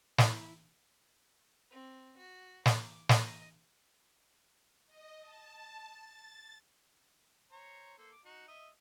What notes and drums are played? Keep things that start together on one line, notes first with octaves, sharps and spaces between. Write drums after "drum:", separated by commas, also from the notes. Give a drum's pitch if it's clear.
E4, drum: snare
C4
F#4
D6, drum: snare
D#5, drum: snare
D#5
A5
A6
C5 C#5 A#5
A#3 A4 C5
D6
D#4 F#4
D#5 E5